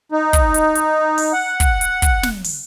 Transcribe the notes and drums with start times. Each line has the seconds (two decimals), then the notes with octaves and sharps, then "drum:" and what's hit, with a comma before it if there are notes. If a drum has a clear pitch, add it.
0.12 D#4
0.33 drum: kick, hi-hat
0.54 drum: hi-hat
0.75 drum: hi-hat
1.18 drum: open hi-hat
1.33 F#5
1.60 drum: kick, hi-hat
1.81 drum: hi-hat
2.02 drum: kick, hi-hat
2.23 drum: snare
2.44 drum: open hi-hat